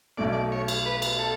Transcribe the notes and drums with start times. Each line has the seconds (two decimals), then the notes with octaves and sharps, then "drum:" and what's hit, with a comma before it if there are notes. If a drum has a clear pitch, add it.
0.17 B1 B2 A3 D5
0.33 D5
0.52 C#5
0.68 drum: cymbal
0.86 B4
1.02 drum: cymbal
1.19 A4